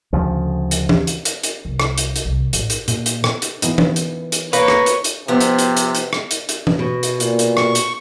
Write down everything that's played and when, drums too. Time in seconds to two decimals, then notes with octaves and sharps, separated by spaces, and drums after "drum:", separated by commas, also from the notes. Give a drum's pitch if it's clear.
0.13 D2 C#3 F3
0.71 drum: hi-hat
0.89 drum: tom E3
1.07 drum: hi-hat
1.25 drum: hi-hat
1.43 drum: hi-hat
1.65 C2
1.80 drum: rim click
1.98 drum: hi-hat
2.16 drum: hi-hat
2.25 C2
2.53 A1, drum: hi-hat
2.70 drum: hi-hat
2.88 A#2, drum: hi-hat
3.06 drum: hi-hat
3.24 drum: rim click
3.42 drum: hi-hat
3.62 E3 B3 D#4, drum: hi-hat
3.78 drum: tom E3
3.96 drum: hi-hat
4.32 drum: hi-hat
4.53 A#3 B4 C#5, drum: hi-hat
4.68 drum: rim click
4.86 drum: hi-hat
5.04 drum: hi-hat
5.28 C3 F3 B3
5.40 drum: hi-hat
5.59 drum: hi-hat
5.77 drum: hi-hat
5.95 drum: hi-hat
6.13 drum: rim click
6.31 drum: hi-hat
6.49 drum: hi-hat
6.67 drum: tom E3
6.79 B2
7.03 drum: hi-hat
7.20 A#2, drum: hi-hat
7.39 drum: hi-hat
7.57 C#6, drum: rim click
7.75 drum: hi-hat